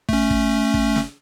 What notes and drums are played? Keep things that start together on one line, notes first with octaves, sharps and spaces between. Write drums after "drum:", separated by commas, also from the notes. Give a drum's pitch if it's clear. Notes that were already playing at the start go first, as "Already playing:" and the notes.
A3 C#4, drum: kick
drum: kick
drum: kick
drum: snare